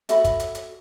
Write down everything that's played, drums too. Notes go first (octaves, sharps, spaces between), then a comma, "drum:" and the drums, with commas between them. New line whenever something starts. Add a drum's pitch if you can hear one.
F#4 A4 E5 B5, drum: hi-hat
drum: kick, hi-hat
drum: hi-hat
drum: hi-hat